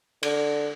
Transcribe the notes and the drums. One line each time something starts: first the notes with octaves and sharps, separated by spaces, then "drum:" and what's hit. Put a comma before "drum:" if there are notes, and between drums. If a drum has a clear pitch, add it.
D3, drum: cymbal